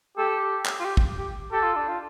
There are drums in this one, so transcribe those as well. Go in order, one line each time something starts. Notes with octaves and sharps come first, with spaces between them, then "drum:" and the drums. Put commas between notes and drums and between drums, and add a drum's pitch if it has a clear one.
G4 A4
drum: clap
F4
G4
drum: kick
G4
G4 A4
F4
D4
F4